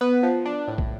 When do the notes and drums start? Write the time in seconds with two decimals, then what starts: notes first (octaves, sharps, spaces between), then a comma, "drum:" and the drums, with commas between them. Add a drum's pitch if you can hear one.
0.01 B3 B4
0.23 F3
0.45 D4
0.68 A2
0.78 drum: kick